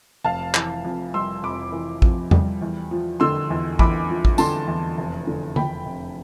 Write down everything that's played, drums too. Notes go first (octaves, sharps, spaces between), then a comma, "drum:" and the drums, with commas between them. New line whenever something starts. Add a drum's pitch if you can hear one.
F1 F5 A5
E3, drum: clap
F2
G3 C6 E6
F1 B5 D6
E3
F2, drum: kick A1
G3, drum: tom E2
E2
F3
D3 C6 E6
E2
E2 B5 D6, drum: kick A1
F3
drum: kick A1
D3 A5 C6, drum: tambourine
E2
F1
D3
E2 G5 B5, drum: tom D3
F1